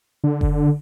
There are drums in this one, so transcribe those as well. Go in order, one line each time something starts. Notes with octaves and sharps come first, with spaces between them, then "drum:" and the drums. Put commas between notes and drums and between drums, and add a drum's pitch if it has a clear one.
D3
drum: kick F#1